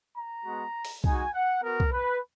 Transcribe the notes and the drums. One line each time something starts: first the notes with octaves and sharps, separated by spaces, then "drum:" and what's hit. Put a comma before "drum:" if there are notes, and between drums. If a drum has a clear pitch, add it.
A#5
G#3 B3 F#4
drum: open hi-hat
G#3 D#4 F#4 G#5, drum: kick
F#5
B3 F#4 A#4
drum: kick
B4